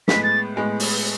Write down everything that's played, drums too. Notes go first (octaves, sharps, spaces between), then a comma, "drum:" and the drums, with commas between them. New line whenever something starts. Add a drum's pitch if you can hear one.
A2 G#3 B3 B6, drum: snare
A6
A2 G#3 B3
drum: open hi-hat